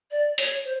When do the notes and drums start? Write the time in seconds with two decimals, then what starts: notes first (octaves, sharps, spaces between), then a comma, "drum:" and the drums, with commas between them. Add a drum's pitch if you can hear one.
0.11 D5
0.38 C#5, drum: hi-hat
0.64 C5